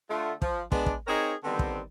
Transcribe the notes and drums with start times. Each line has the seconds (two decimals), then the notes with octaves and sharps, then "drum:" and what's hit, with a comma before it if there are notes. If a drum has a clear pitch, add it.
0.10 D3 A3 F4
0.42 F3, drum: kick
0.72 G#3 B3 D4, drum: kick
0.86 drum: kick
1.07 C4 D#4 G#4 A#4 C#5 D#5
1.44 D3 D#3 G3 B3 C4
1.59 drum: kick